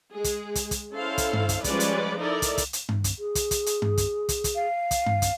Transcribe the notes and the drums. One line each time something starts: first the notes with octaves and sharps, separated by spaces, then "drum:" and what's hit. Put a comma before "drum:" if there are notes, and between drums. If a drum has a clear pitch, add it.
G#3 G#4
drum: kick, hi-hat
drum: kick, hi-hat
drum: kick, hi-hat
C#4 E4 A4 C5 F5
drum: kick, hi-hat
drum: tom G2
drum: kick, hi-hat
F3 G3 G#3 C#4 B4 D5, drum: kick, hi-hat
drum: hi-hat
D#4 E4 A4 A#4 D5
drum: kick, hi-hat
drum: kick, hi-hat
drum: hi-hat
drum: tom G2
drum: kick, hi-hat
G#4
drum: kick, hi-hat
drum: kick, hi-hat
drum: hi-hat
drum: tom G2
drum: kick, hi-hat
drum: kick, hi-hat
drum: kick, hi-hat
F5
drum: kick, hi-hat
drum: tom G2
drum: kick, hi-hat